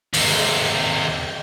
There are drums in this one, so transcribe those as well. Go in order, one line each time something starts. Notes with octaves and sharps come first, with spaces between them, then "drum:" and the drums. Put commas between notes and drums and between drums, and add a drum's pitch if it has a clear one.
D#2 C3, drum: open hi-hat